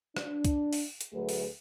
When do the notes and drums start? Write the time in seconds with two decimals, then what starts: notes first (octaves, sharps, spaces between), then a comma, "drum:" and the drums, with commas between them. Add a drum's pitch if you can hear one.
0.17 D4, drum: rim click
0.45 drum: kick C2, hi-hat
0.73 drum: open hi-hat
1.01 drum: hi-hat
1.13 D2 F#3 A3 G#4 B4
1.29 drum: open hi-hat